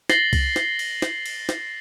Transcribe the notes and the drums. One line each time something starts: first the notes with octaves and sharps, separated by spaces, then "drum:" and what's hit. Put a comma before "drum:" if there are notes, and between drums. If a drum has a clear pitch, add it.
A6 A#6 C7 F#7 G7, drum: snare
drum: kick C2, cymbal
drum: snare
drum: cymbal
drum: snare
drum: cymbal
drum: snare